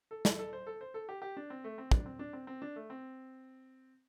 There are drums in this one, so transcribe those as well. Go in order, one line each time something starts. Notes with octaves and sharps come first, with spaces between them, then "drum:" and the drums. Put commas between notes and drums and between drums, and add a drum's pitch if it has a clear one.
A4
A4, drum: snare
A4
C5
A4
C5
A4
G4
G4
D4
C4
A3
C4
D4, drum: kick
C4
D4
C4
C4
D4
A3
C4